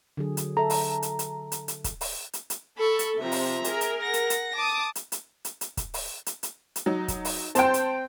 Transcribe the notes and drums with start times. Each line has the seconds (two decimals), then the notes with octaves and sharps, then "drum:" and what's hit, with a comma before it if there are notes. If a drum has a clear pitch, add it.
0.17 D3 F#3 G#4
0.37 drum: hi-hat
0.57 A4 E5 A#5
0.70 drum: open hi-hat
1.02 drum: hi-hat
1.19 drum: hi-hat
1.52 drum: hi-hat
1.68 drum: hi-hat
1.84 drum: kick, hi-hat
2.01 drum: open hi-hat
2.33 drum: hi-hat
2.50 drum: hi-hat
2.78 A4 B5 C#6
2.99 drum: hi-hat
3.19 C3 F3 E5 A#5
3.32 drum: open hi-hat
3.64 G#4 A#4, drum: hi-hat
3.81 drum: hi-hat
4.02 F#5 A#6
4.14 drum: hi-hat
4.30 drum: hi-hat
4.55 A5 D6 D#6
4.95 drum: hi-hat
5.12 drum: hi-hat
5.45 drum: hi-hat
5.61 drum: hi-hat
5.77 drum: kick, hi-hat
5.94 drum: open hi-hat
6.26 drum: hi-hat
6.43 drum: hi-hat
6.76 drum: hi-hat
6.86 F#3 D#4
7.08 drum: kick, hi-hat
7.25 drum: open hi-hat
7.55 C4 G5 A5 C6 G6, drum: hi-hat
7.74 drum: hi-hat